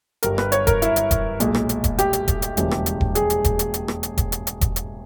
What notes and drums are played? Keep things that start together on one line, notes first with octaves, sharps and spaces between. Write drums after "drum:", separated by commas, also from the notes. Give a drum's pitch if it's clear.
G1 G2 G3 A#4, drum: hi-hat
B4, drum: rim click
C#5, drum: hi-hat
A#4, drum: kick E1, hi-hat
E4, drum: hi-hat
drum: hi-hat
drum: kick E1, hi-hat
B1 A#2 G#3, drum: hi-hat
drum: rim click
drum: hi-hat
drum: kick E1, hi-hat
G4, drum: hi-hat
drum: hi-hat
drum: kick E1, hi-hat
drum: hi-hat
E1 D#2 C#3 E3 G3, drum: hi-hat
drum: rim click
drum: hi-hat
drum: kick E1
G#4, drum: hi-hat
drum: hi-hat
drum: kick E1, hi-hat
drum: hi-hat
drum: hi-hat
drum: rim click
drum: hi-hat
drum: kick E1, hi-hat
drum: hi-hat
drum: hi-hat
drum: kick E1, hi-hat
drum: hi-hat